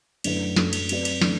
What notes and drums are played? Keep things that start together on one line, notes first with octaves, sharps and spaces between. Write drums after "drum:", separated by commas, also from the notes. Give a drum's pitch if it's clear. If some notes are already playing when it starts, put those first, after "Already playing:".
F#2 D3 A3 E4 B4, drum: cymbal
F#2 F#3 A3 D4 A4, drum: snare
drum: cymbal
F#3 C4 F#4 B4 D5, drum: cymbal
drum: cymbal
E3 A3 D4, drum: snare